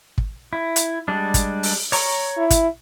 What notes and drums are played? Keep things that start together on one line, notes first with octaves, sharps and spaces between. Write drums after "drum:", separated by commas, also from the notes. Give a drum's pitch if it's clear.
drum: kick
E4
drum: hi-hat
G3 G#3 D4
drum: kick, hi-hat
drum: open hi-hat
C#5 A#5 C#6, drum: open hi-hat
E4
drum: kick, hi-hat